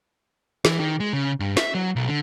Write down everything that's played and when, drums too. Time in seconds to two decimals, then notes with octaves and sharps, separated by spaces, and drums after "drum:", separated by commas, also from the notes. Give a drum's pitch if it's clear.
0.65 E3, drum: snare
0.80 D#3
1.00 G#3
1.13 C#3
1.40 G2
1.57 E5, drum: snare
1.75 F#3
1.96 B1
2.09 D3